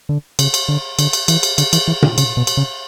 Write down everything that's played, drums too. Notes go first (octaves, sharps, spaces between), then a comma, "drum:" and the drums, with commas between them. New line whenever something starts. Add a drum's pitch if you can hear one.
D3
C#3, drum: cymbal
drum: cymbal
D3
D3, drum: cymbal
drum: cymbal
E3, drum: cymbal
drum: cymbal
D3, drum: cymbal
E3, drum: cymbal
E3
D3, drum: tom A#2
C#3, drum: cymbal
B2
drum: cymbal
C#3